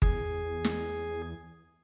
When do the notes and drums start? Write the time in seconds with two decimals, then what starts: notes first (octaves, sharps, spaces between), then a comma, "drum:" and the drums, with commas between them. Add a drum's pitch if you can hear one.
0.02 E2 G#4, drum: kick G1
0.64 drum: snare